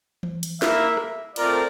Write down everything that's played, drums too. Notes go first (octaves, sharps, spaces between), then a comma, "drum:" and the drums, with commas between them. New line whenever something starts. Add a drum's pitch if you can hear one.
drum: tom E3
drum: hi-hat
A#3 E4 A#4 E5, drum: snare
drum: rim click
A3 C4 F4 A#4 D5, drum: cymbal